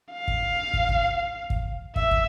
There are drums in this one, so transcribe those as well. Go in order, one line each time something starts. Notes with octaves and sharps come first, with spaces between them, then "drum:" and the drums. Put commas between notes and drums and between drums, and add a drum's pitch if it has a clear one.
F5
drum: kick
drum: kick
drum: kick
drum: kick
E5, drum: kick
drum: kick